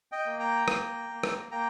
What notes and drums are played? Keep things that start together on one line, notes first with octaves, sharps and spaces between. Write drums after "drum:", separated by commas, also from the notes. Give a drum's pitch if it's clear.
D#5 G5
A#3
G5 A#5
A#3, drum: rim click
A#3
drum: rim click
A#3 G5 A#5